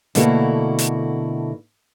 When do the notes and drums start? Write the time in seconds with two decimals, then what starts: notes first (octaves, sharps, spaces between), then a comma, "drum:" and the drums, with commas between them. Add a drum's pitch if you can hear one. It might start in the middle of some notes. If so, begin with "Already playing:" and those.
0.15 B2 D3 A3 A#3 E4 F#4, drum: hi-hat
0.79 drum: hi-hat